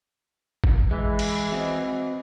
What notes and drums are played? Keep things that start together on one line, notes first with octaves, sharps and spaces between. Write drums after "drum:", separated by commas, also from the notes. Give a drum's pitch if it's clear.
drum: kick
E3 G#3 E4
drum: cymbal
C4 F#4 D#5